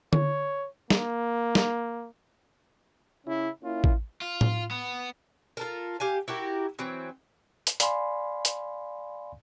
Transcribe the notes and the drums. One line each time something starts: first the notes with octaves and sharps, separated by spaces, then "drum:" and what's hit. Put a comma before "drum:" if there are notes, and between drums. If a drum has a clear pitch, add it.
C#5, drum: tom D3
A#3, drum: snare
drum: snare
C#3 C#4 E4
A#3 C#4 E4 F4
drum: kick A1
F4
drum: tom A2
B3
F4 A4 A#4
G4 F5 G#5
E4 F#4 G4 A#4
E3 F#3 C4
drum: hi-hat
D5 F5 G#5 B5 C6, drum: hi-hat
drum: hi-hat